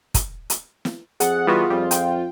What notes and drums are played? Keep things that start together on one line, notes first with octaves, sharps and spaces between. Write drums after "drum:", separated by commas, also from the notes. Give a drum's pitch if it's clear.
drum: kick, hi-hat
drum: hi-hat
drum: snare
F2 G#4 F#5, drum: hi-hat
E3 G3 B3 F4 F#4
F2 G3
G5, drum: hi-hat